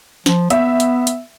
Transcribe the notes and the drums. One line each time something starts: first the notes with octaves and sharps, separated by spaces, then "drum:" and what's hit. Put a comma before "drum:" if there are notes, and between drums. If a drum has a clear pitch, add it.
F3, drum: snare
B3 E5, drum: hi-hat
drum: hi-hat
drum: hi-hat